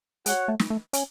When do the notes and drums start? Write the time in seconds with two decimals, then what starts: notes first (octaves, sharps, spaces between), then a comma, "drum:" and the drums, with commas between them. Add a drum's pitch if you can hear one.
0.26 G#3 F#4 C#5 F#5, drum: hi-hat
0.48 A3
0.59 drum: snare
0.70 A3
0.93 C#4, drum: hi-hat